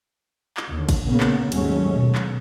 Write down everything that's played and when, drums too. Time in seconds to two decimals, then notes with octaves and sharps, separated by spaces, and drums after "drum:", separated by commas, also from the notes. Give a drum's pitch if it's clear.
0.57 drum: clap
0.72 D#2 D3
0.89 drum: kick G#1, cymbal
1.06 A#2 C#3 A#3 B3
1.20 drum: clap
1.52 D#2 G#2 F#3 G#3 A3 C#4, drum: cymbal
1.97 B2
2.15 drum: clap